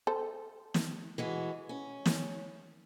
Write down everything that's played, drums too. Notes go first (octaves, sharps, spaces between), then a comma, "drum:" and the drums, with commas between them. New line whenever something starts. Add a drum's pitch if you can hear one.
A4 C5
drum: snare
E3 G#3 F#4
C#4
drum: snare